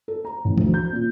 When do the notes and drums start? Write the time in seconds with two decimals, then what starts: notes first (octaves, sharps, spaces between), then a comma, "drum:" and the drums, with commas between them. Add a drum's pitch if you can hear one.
0.08 A4
0.25 A#5
0.44 A1
0.57 D2, drum: tom E3
0.74 G6
0.93 A#2